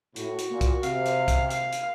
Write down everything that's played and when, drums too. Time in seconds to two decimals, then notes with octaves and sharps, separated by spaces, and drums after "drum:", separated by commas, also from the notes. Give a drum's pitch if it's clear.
0.16 A2 F#4, drum: hi-hat
0.39 drum: hi-hat
0.50 A#2
0.61 drum: kick, hi-hat
0.83 C3 F5, drum: hi-hat
1.06 drum: hi-hat
1.28 drum: kick, hi-hat
1.50 F5, drum: hi-hat
1.73 drum: hi-hat